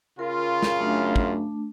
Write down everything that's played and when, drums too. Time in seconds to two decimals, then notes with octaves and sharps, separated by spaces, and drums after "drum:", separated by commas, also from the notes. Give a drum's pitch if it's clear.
0.19 C#3 F4 A#4
0.63 drum: snare
0.80 F#2 A3 D4
1.16 drum: kick